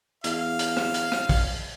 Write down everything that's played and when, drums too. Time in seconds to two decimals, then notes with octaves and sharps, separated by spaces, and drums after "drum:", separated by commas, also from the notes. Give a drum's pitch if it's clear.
0.24 E2 F5, drum: hi-hat
0.59 drum: hi-hat
0.77 drum: rim click
0.94 drum: hi-hat
1.12 drum: rim click
1.29 drum: kick, open hi-hat